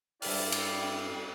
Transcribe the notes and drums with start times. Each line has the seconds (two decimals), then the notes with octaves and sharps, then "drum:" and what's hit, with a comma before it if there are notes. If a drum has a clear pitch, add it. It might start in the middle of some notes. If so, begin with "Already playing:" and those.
0.22 G2 E4 D5 E5 G5 F6, drum: open hi-hat
0.52 drum: cymbal